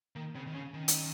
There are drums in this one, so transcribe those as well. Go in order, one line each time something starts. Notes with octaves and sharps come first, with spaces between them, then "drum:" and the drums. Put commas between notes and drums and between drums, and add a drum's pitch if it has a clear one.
D#3 A#3
C#3 C4
D#3
C#3 C#4
D#3
drum: hi-hat